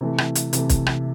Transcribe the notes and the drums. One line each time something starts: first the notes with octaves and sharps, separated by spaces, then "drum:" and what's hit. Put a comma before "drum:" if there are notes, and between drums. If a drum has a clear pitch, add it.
C3 E3 A3
drum: rim click
drum: hi-hat
C3 E3 A3, drum: hi-hat
drum: kick, hi-hat
drum: rim click